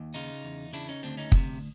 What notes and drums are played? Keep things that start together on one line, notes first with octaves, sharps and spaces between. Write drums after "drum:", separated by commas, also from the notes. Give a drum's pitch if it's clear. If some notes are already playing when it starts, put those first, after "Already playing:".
Already playing: D#2
C#3 D#4 F4
E2
C#3 D4 E4
C#4 D#4
D2 C4 D4
C#4 D#4
C3, drum: kick